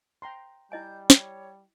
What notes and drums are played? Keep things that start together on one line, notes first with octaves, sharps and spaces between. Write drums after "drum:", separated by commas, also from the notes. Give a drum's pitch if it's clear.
G5 A#5 C6
G3 E4 D#5 G#5 G6
C#5, drum: snare